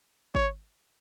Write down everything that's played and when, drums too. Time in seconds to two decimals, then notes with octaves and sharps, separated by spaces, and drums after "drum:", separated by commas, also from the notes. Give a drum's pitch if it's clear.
0.35 C#5, drum: kick G#1